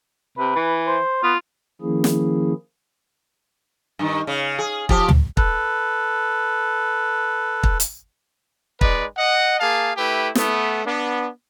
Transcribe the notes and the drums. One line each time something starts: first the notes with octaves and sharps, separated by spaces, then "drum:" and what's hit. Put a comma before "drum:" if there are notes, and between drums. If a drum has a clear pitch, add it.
C3 B4
E3
C5
B3 F4
D#3 F3 A#3 C#4 E4 G#4
drum: snare
G2 D#3
C#3
G#4
F3 G4, drum: kick
drum: tom
A4 B4, drum: kick
drum: kick
drum: hi-hat
G#3 D#4 B4 D5, drum: kick
D#5 F#5
A#3 G#4 F5 A5
A3 E4 G4 B4
A3 B3, drum: snare
B3 D4